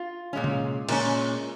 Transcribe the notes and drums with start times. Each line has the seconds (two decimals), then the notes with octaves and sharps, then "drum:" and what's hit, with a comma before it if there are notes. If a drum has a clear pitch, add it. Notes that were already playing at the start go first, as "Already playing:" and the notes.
Already playing: F4
0.33 A#2 G#3 C#4
0.44 drum: tom C3
0.89 A#2 G#3 C#4, drum: cymbal